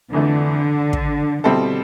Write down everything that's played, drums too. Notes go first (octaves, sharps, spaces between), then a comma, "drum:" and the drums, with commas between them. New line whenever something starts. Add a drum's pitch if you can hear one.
F2 D3 E3 A3
drum: kick
B2 D3 G3 C4 E4 A4